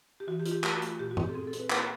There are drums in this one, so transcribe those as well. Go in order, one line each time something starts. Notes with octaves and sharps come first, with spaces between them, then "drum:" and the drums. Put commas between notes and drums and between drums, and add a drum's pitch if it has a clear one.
G4
E3 F#4
G4
F4, drum: hi-hat
G4
A3 G4, drum: clap
F#4
A3, drum: hi-hat
F4
A#2 G4
F#4
C4, drum: tom G2
G4
A4
C4 G#4
A4
C4, drum: hi-hat
B4
A#3 B4, drum: clap